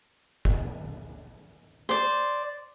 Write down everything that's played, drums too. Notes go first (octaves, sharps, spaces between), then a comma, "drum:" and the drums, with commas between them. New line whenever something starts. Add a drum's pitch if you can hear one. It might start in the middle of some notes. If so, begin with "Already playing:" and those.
drum: kick
C5 D5